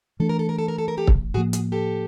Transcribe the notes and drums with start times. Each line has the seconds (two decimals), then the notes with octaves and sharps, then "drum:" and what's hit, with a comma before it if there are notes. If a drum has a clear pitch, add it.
0.20 E3 A3 D4 A4
0.29 A#4
0.39 A4
0.49 A#4
0.58 A4
0.68 A#4
0.78 A4
0.88 A#4
0.97 G4 A4
1.07 drum: kick
1.34 A2 F3 A#3 F#4 G#4
1.53 F#4 G#4, drum: hi-hat
1.72 G4 A4